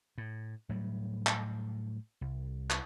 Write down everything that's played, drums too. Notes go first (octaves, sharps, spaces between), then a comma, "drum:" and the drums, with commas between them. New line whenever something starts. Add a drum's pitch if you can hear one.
A2
A2 F#3 G3
drum: clap
C2
drum: clap